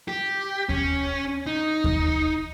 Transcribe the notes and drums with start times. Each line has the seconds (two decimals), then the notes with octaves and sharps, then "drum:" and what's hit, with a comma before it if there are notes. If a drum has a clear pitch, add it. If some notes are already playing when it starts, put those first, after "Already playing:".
0.08 G4
0.69 C#4, drum: kick D#2
1.46 D#4
1.84 drum: kick D#2